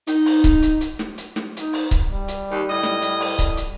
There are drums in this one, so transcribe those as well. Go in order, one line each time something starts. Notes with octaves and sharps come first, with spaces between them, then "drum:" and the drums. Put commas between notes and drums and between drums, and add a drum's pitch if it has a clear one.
D#4, drum: hi-hat
drum: open hi-hat
drum: kick C#1, hi-hat
drum: hi-hat
drum: hi-hat
drum: snare
drum: hi-hat
drum: snare
D#4, drum: hi-hat
drum: open hi-hat
drum: kick C#1, hi-hat
G3
drum: hi-hat
D#2
A2 D#5
drum: snare
drum: hi-hat
drum: open hi-hat
drum: kick C#1, hi-hat
drum: hi-hat